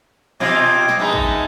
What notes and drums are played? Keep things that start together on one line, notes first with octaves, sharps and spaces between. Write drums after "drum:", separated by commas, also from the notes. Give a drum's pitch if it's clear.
B2 C4 F4 C#5 D#5 D6
drum: snare
G#3 B3 D#4 E5 A5
drum: kick